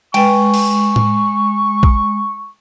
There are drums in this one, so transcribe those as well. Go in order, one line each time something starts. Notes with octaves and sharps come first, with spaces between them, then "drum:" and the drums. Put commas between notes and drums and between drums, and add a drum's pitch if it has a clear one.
G#3 B4 G5 C#6, drum: cymbal
drum: cymbal
drum: tom A2
drum: kick A#1